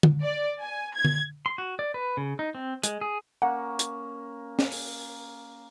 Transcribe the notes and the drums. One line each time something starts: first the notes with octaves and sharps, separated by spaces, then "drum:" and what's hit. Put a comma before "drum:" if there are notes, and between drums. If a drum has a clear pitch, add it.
drum: tom
D5
G#5
G#6
drum: tom D3
C6
F#4
D5
B4
C#3
D#4
C4
G#3, drum: hi-hat
G#4
A#3 C#4 F#5
drum: hi-hat
drum: snare
drum: open hi-hat